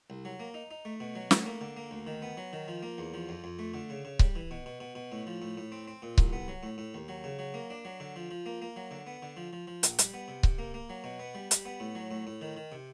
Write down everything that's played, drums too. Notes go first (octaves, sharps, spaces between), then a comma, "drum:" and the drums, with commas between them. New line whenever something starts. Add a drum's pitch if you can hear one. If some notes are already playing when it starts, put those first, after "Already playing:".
C2
F#3
A#3
D#4
D#4
A3
B2
F#3
A3, drum: snare
A#3
D3
A#3
D2
D#3
B3
F#3
D#3
F3
A#3
E2
F3
F2
F2
A3
D3
C#3
C#3
G3, drum: kick C#1
E3
B2
B2
B2
B2
A2
F3
A2
A2
C4
C4
A#2
C2, drum: kick C#1
B3
F#3
A2
A2
D#2
F#3
C#3
F#3
A#3
D4
F#3
D3
F3
F3
A#3
A#3
F#3
D3
B3
D3
F3
F3
F3
A#1, drum: hi-hat
G3, drum: hi-hat
B3
C3
C3, drum: kick C#1
A#3
A#3
F#3
B2
B3
G3
G3, drum: hi-hat
B3
A2
F#3
A2
A2
D#3
D#3
C3